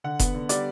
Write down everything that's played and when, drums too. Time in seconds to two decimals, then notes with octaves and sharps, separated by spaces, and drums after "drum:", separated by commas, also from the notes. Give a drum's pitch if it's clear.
0.04 D3 F#5
0.19 B3, drum: kick F1, hi-hat
0.34 D3
0.49 G3 D5, drum: hi-hat